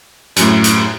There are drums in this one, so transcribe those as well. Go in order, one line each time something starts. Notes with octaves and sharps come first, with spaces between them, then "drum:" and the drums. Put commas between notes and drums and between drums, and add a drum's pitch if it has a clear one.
F#2 A2, drum: hi-hat
drum: hi-hat